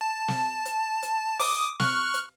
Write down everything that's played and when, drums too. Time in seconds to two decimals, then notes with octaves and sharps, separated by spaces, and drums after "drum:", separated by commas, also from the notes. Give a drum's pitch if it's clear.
0.01 A5
0.28 drum: snare
0.65 drum: hi-hat
1.02 drum: hi-hat
1.40 D6 D#6, drum: open hi-hat
1.80 C#6 F6 F#6, drum: snare
2.14 drum: hi-hat